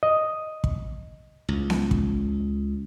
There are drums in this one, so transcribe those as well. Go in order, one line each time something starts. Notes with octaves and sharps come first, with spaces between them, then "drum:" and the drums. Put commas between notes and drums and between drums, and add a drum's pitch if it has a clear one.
D#5
drum: kick
C#2
drum: snare B3
drum: kick